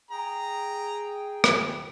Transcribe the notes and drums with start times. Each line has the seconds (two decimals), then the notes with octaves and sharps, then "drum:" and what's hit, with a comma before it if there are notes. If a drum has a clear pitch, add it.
0.11 G#4 G5 A#5
1.44 drum: rim click